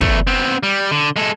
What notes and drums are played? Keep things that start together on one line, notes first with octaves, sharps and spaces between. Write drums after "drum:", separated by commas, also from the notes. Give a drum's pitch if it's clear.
E2 A3, drum: kick
B3 C4
G3
D3
G#3 A4